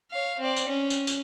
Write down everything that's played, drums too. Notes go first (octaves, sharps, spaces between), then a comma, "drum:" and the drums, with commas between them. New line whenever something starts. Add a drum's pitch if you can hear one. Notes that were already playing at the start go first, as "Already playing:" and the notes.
C#5 F5
C4 D5
drum: tambourine
C#4
drum: tambourine
drum: tambourine